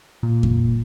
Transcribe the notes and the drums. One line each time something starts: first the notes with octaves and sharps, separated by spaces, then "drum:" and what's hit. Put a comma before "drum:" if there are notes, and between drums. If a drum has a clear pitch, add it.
A#2
drum: kick F2